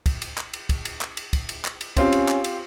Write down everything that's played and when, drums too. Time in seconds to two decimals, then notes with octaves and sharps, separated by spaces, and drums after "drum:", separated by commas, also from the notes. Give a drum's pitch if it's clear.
0.06 drum: kick, cymbal
0.22 drum: cymbal
0.38 drum: clap
0.53 drum: cymbal
0.69 drum: kick, cymbal
0.85 drum: cymbal
1.01 drum: clap
1.17 drum: cymbal
1.33 drum: kick, cymbal
1.49 drum: cymbal
1.65 drum: clap
1.81 drum: cymbal
1.97 C4 C#4 F4 G4, drum: kick, cymbal
2.12 drum: cymbal
2.28 drum: clap
2.44 drum: cymbal